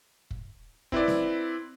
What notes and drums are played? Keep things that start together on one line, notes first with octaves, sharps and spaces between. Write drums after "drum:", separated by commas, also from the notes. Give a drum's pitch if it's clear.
drum: kick
C4 E4 B4 D5, drum: kick
drum: snare